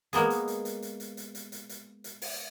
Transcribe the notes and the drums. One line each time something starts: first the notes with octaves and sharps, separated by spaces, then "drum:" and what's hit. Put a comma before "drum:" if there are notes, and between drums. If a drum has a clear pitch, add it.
G#3 A#3 B3 G#4, drum: hi-hat
drum: hi-hat
drum: hi-hat
drum: hi-hat
drum: hi-hat
drum: hi-hat
drum: hi-hat
drum: hi-hat
drum: hi-hat
drum: hi-hat
drum: hi-hat
drum: open hi-hat